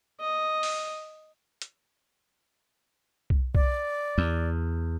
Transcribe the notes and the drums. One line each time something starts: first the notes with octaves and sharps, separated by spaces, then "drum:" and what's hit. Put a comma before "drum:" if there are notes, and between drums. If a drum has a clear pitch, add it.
D#5
drum: open hi-hat
drum: hi-hat
drum: kick B1
D5, drum: kick B1
E2